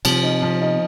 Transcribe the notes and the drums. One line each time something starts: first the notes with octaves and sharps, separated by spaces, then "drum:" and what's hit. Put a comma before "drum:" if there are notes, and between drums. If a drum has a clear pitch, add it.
C3 F3, drum: cymbal
D#4
F3
D#4